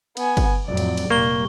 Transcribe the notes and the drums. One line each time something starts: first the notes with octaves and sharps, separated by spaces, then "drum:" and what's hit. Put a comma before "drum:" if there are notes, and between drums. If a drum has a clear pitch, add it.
B3 G#5, drum: cymbal
drum: kick, cymbal
F2 A2 F#3 D5
drum: cymbal
drum: cymbal
F1 A#2 G3 A#3 C#6 G7